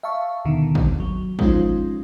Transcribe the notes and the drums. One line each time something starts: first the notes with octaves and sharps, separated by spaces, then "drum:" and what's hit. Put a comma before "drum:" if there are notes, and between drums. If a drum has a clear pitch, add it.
E5 F5 A5 C#6
D#2 B2 D3 D#3
drum: kick
F#3
F3 G#3 C4 C#4 D#4 F4, drum: kick